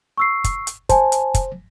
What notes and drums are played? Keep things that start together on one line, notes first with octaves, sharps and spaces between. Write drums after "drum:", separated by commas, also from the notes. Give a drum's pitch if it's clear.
C#6 E6 C7
drum: kick, hi-hat
drum: hi-hat
C5 G#5 A5, drum: kick, hi-hat
drum: hi-hat
drum: kick, hi-hat